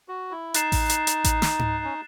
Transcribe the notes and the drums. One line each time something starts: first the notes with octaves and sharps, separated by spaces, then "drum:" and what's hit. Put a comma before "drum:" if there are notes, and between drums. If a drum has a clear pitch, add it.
F#4
E4
D#4 F#6 A6 C7 E7, drum: hi-hat
drum: kick A1, open hi-hat
drum: hi-hat
drum: hi-hat
drum: kick A1, hi-hat
drum: snare
drum: tom G#2
C#4